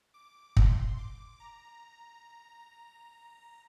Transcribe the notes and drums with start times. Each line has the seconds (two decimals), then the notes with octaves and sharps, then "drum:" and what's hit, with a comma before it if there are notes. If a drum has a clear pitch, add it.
0.14 D6
0.57 C6, drum: kick
0.98 D6
1.40 A#5